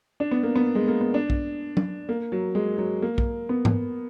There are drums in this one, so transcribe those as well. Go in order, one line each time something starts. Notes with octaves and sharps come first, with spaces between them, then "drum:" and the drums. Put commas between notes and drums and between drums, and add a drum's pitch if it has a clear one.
D4
B3
A#3
B3
G#3
A#3
B3
D4
drum: kick
drum: tom
A#3
F#3
G#3
F#3
A#3
drum: kick
B3
drum: tom G#2